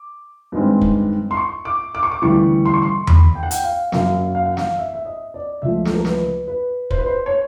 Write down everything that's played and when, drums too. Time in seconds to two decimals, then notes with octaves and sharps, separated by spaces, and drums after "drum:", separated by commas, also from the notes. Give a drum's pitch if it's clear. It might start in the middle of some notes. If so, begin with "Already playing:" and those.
Already playing: D6
0.52 G2 D#3 G#3 C4
0.81 drum: kick
1.31 C6
1.37 C#6
1.65 D6
1.95 D6
2.03 C#6
2.12 D6
2.22 D2 C#3 E3 G3 C#6
2.65 C6
2.74 C#6
2.82 C6
3.07 B5, drum: tom E2
3.35 G5
3.43 F#5
3.51 G5, drum: hi-hat
3.64 F5
3.92 F#2 C#3 F#3 A#3 F5, drum: snare
4.35 F5
4.45 F#5
4.57 F5, drum: snare
4.78 E5
4.94 E5
5.05 D#5
5.34 D5
5.62 C#2 C#3 F3 A3 E5
5.85 A4, drum: snare
5.94 A#4
6.05 B4, drum: snare
6.48 B4
6.90 C5, drum: kick
6.98 B4
7.06 C5
7.26 C#5